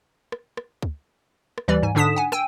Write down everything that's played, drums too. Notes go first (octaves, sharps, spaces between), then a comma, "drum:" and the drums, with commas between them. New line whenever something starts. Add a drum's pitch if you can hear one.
drum: rim click
drum: rim click
drum: kick D2
drum: rim click
D#2 E3 G3 D5
G#2 G#5
G#2 D3 D4 D#6 B6 E7
F#5 G#5
G5 G#5 E6 D#7, drum: rim click